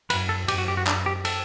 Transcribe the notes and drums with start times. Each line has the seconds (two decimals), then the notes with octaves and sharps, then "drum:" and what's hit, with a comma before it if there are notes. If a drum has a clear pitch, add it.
0.10 F#2 B4, drum: cymbal
0.29 A4
0.48 F#2 G4, drum: cymbal
0.58 F#4
0.68 G4
0.77 F#4
0.87 D4, drum: clap
1.06 G4
1.25 A4, drum: cymbal